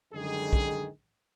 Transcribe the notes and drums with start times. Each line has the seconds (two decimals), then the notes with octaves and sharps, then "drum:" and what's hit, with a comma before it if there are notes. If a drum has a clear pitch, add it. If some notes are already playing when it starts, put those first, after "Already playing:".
0.13 F#2 D3 D#3 G3 G#3 G#4
0.53 drum: kick